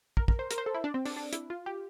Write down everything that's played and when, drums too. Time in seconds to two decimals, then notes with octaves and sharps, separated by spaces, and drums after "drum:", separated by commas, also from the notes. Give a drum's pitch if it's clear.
0.17 A#4, drum: kick
0.28 A#4, drum: kick
0.39 C5
0.51 A#4, drum: hi-hat
0.58 C5
0.66 A4
0.74 E4
0.84 D4
0.94 C4
1.06 D4, drum: open hi-hat
1.16 D4
1.33 E4, drum: hi-hat
1.50 F4
1.66 G4